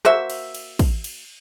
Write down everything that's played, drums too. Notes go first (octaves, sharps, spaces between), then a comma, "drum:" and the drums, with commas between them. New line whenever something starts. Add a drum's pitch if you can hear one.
A#3 F#4 C5 E5, drum: rim click
drum: cymbal
drum: cymbal
drum: kick, cymbal
drum: cymbal